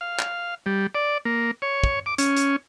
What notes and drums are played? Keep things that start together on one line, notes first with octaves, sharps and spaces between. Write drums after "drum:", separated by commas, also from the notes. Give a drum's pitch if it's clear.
F5
drum: clap
G3
D5
A#3
C#5
drum: kick
D6
C#4, drum: hi-hat
drum: hi-hat